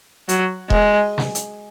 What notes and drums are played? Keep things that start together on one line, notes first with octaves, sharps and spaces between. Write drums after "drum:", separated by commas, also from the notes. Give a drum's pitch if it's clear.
F#3, drum: hi-hat
G#3, drum: kick E1
drum: snare
drum: hi-hat